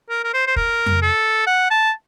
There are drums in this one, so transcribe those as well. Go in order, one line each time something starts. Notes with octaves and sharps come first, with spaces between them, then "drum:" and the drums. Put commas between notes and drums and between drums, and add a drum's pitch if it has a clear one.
A#4
A#4
C5
C5
A#4, drum: kick
drum: tom F2
A4
F#5
A5